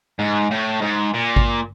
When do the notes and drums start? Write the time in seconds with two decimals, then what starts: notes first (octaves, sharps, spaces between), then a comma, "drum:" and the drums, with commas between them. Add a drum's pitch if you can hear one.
0.19 G#2
0.51 A2
0.81 G#2
1.14 A#2
1.36 drum: kick G#1